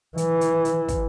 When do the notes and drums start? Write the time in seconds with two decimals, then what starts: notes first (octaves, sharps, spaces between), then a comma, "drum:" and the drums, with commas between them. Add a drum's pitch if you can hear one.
0.17 E3, drum: hi-hat
0.41 drum: hi-hat
0.65 drum: hi-hat
0.88 drum: kick, hi-hat